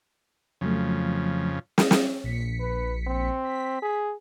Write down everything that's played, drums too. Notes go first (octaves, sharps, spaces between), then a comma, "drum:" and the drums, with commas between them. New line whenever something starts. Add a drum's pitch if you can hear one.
F2 C#3 F3 F#3 A3
drum: snare
drum: snare
A#1 B6 C#7
B4
C4
B6
G#4